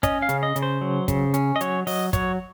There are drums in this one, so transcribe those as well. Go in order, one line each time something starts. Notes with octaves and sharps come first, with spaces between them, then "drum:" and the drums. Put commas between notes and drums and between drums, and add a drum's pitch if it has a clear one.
C#4 D#5, drum: kick, hi-hat
F5
C#3, drum: hi-hat
D#5
C#3, drum: hi-hat
C5
F#3
C#3, drum: kick, hi-hat
C#4, drum: hi-hat
D#5
F#3 C#5, drum: hi-hat
F#3 D#5, drum: open hi-hat
F#3 C#5, drum: kick, hi-hat